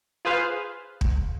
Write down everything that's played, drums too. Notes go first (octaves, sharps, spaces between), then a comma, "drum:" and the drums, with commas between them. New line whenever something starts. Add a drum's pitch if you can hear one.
F4 G#4 B4 C5 F5
drum: kick